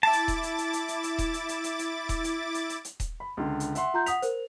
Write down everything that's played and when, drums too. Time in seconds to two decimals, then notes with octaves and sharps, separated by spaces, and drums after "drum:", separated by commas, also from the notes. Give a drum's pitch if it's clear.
0.03 E4 A5 D6 A6
0.13 drum: hi-hat
0.28 drum: kick D#1, hi-hat
0.43 drum: hi-hat
0.58 drum: hi-hat
0.73 drum: hi-hat
0.88 drum: hi-hat
1.03 drum: hi-hat
1.18 drum: kick D#1, hi-hat
1.34 drum: hi-hat
1.49 drum: hi-hat
1.64 drum: hi-hat
1.79 drum: hi-hat
2.09 drum: kick D#1, hi-hat
2.24 drum: hi-hat
2.54 drum: hi-hat
2.69 drum: hi-hat
2.85 drum: hi-hat
3.00 drum: kick D#1, hi-hat
3.20 B5
3.37 C#2 D3
3.60 drum: hi-hat
3.75 E5 F#5 C6, drum: hi-hat
3.94 F4 A#5 G6
4.06 F#5 D#6 B6 F7, drum: hi-hat
4.22 A#4 C5, drum: hi-hat